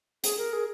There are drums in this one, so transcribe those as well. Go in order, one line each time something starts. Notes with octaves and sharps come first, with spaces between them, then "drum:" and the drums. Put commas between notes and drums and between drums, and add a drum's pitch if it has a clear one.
G#4, drum: hi-hat
A#4
G#4